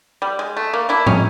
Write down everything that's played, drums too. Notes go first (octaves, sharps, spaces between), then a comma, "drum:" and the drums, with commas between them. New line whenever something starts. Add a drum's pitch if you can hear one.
G3
G#3
A3
A#3
D4 E4
C#4 D#4, drum: tom A2